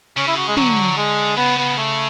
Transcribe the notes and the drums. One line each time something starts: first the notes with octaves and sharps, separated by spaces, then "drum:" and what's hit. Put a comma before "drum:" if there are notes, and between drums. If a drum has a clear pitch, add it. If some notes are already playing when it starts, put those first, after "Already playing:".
C#3 C#4
E4
F#4
G#3
D3 F#3, drum: tom
G#3
C#3 B3
B3
A3